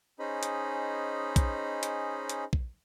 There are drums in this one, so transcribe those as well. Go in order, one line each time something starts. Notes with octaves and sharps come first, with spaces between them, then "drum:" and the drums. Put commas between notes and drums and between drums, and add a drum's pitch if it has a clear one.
C#4 D#4 G#4 C5 D#5 B5
drum: hi-hat
drum: kick A#1, hi-hat
drum: hi-hat
drum: hi-hat
drum: kick A#1